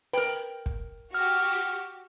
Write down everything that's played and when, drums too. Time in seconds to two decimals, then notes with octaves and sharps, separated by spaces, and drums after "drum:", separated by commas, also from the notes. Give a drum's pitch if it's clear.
0.13 A#4 B4 G5, drum: open hi-hat
0.66 drum: kick
1.14 F#4 G4 F6
1.52 drum: hi-hat